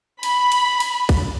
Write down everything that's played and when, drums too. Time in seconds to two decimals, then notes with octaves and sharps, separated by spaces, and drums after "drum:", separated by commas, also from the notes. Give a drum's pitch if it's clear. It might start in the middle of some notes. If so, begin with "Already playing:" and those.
0.23 B5, drum: cymbal
0.52 drum: cymbal
0.80 drum: cymbal
1.09 drum: kick, cymbal